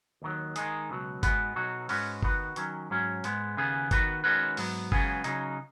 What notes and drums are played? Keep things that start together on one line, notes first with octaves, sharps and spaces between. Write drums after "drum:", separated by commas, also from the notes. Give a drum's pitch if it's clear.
D#2 D#3 F#3
D#3 G#3 D#4 G#4, drum: hi-hat
C#2 B2 F#3
G#2 G#3 B3 F#4 B4, drum: kick F#1, hi-hat
B1 B2 F#3 D#4 F#4
G#2 G#3 C#4 F#4 B4, drum: open hi-hat
D#3 B3 F#4 B4, drum: kick F#1
D#3 F#3 C#4, drum: hi-hat
G#2 F#3 C#4
G#2 G#3 B3, drum: hi-hat
D#2 C#3 B3 G#4
D#3 B3 F#4 B4, drum: kick F#1, hi-hat
D#3 G#3 C#4 F#4 B4
G#2 F#3 B3, drum: open hi-hat
C#2 C#3 F#3 B3 G#4, drum: kick F#1
C#3 F#3 D#4, drum: hi-hat